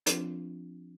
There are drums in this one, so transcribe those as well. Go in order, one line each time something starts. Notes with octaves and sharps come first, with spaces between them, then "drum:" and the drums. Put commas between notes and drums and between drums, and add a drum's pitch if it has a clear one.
F3 C4 D4 F4, drum: hi-hat